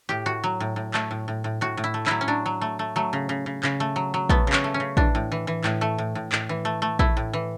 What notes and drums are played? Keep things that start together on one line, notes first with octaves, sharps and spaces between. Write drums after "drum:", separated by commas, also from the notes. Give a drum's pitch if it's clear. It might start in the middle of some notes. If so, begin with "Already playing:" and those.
A2 G4
A2 F#4
F#3
A2
A2
A3, drum: clap
A2
A2
A2
A2 F#4
A2
E4
A3
F#3 E4, drum: clap
C#4
F#3 D4
F#3
A3
A3
F#3 A3
C#3
C#3
C#3
C#3, drum: clap
A3
F#3
F#3
A3 B3, drum: kick A#1
C#3
C#4, drum: clap
A3
C#4
C#3
E3 D4, drum: kick A#1
A2
E3
E3
A2, drum: clap
A3
A2
A2
A2, drum: clap
E3
A3
A3
A3 E4, drum: kick A#1
A2
E3